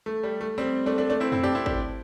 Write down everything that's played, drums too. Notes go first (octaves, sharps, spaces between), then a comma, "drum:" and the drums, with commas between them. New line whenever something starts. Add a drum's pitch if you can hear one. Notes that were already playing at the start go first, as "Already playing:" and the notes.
A3
G3
A3
G3 C4
A3 D4
A3 D4
A3 D4
C4 E4
C4 E4, drum: tom F2
D4 G4
C4 E4
D4 G4, drum: kick